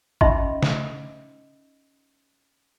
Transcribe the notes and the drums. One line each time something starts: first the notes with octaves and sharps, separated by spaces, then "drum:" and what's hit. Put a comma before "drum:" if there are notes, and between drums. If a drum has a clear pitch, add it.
C#4 D#4 D#5 E5 B5 C6, drum: kick
drum: snare